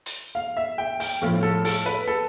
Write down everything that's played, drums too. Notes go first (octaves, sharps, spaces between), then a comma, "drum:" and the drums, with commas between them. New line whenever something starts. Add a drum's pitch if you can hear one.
drum: hi-hat
F5
E5
G5
G5, drum: open hi-hat
A2 F3 A3
A4
A4, drum: open hi-hat
B4
A4